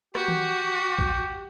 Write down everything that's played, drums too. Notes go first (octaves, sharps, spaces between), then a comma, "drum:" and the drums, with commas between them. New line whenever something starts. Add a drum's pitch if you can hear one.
F#4 G4, drum: rim click
drum: tom D#3
drum: kick